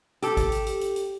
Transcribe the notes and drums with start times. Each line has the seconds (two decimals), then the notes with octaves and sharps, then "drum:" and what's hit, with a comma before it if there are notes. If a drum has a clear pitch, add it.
0.22 G4 A4, drum: hi-hat
0.37 drum: kick G#1, hi-hat
0.52 drum: hi-hat
0.66 drum: hi-hat
0.81 drum: hi-hat
0.96 drum: hi-hat